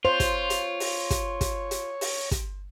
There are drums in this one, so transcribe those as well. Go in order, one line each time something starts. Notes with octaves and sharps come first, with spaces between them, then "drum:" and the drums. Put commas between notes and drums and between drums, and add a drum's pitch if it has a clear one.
F4 C5 C#5
drum: kick, hi-hat
drum: hi-hat
drum: open hi-hat
drum: kick, hi-hat
drum: kick, hi-hat
drum: hi-hat
drum: open hi-hat
drum: kick, hi-hat